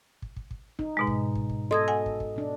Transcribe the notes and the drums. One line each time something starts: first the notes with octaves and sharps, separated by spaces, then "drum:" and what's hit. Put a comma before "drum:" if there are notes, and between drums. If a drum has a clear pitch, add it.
drum: kick
drum: kick
drum: kick
D#4, drum: kick
G#2 B2 G#3
drum: kick
drum: kick
drum: kick
B2 A4 D#5 C6 D#6 G#6
F#5 G#5
drum: kick
drum: kick
B2 D4